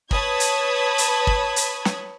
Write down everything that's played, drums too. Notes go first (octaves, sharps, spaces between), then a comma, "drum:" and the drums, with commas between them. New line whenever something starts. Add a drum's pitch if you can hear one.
B4 C#5 A5 B5 D#6 G#6, drum: kick
drum: hi-hat
drum: hi-hat
drum: kick
drum: hi-hat
drum: snare